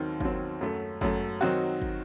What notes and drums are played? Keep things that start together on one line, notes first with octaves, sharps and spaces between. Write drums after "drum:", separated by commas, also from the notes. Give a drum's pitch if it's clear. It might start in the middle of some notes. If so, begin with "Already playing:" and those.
Already playing: D#2 D#3 F#3 C4
D#2 D#3 F#3 C4, drum: kick
F#2 F#3 A3
F#2 F#3 A3, drum: kick
D#3 F#3 C4 D#4 F#4
drum: kick